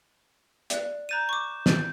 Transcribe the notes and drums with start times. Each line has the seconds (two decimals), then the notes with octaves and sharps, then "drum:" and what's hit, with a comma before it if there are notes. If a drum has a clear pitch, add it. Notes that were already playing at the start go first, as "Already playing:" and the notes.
0.70 D5 F#6, drum: hi-hat
1.09 A#5 F#6 G6 A6 D#7 E7
1.29 C#6 D6
1.66 drum: snare